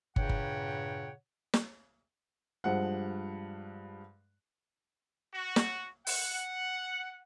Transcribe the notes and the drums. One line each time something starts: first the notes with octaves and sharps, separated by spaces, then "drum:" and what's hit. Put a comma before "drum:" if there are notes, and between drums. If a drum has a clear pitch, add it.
G2 A#2 C#3 C#5 F#5 G5, drum: kick
drum: kick
drum: snare
G2 F3 G#3 F#5
F#4
drum: snare
F#5, drum: open hi-hat